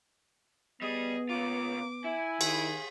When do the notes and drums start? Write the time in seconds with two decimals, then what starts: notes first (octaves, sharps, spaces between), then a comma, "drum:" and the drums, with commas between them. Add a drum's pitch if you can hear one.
0.82 G3 B3 G#4 D#5
1.29 C#3 A#3 F4 D6
2.04 E4 G#5
2.41 D#3 G#4 B6, drum: cymbal